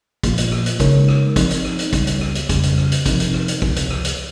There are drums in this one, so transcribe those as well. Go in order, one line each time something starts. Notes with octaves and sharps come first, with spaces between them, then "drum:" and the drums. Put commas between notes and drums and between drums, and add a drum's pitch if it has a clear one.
A#2 F3 A#3 F4, drum: kick, hi-hat
drum: hi-hat
drum: rim click
drum: hi-hat
C#3 G#3 D#4 A#4 C#5, drum: kick, hi-hat
drum: rim click
F3 C4 D#4, drum: kick, hi-hat
drum: hi-hat
drum: rim click
drum: hi-hat
C#2 C#3 G3, drum: kick, hi-hat
drum: hi-hat
drum: rim click
drum: hi-hat
F2 C#3 G3, drum: kick, hi-hat
drum: hi-hat
drum: rim click
drum: hi-hat
C3 F3 C4 D#4 A#4, drum: kick, hi-hat
drum: hi-hat
drum: rim click
drum: hi-hat
C#2 C3 F3, drum: kick
drum: hi-hat
drum: rim click
drum: hi-hat